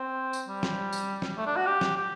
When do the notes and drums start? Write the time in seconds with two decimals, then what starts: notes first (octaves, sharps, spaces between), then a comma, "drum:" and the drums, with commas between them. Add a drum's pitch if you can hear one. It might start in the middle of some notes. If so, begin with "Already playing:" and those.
Already playing: C4
0.33 drum: tambourine
0.48 G3
0.63 drum: snare
0.92 drum: tambourine
1.22 drum: snare
1.37 A3
1.46 D4
1.56 F#4
1.66 G4
1.81 drum: snare
1.97 G4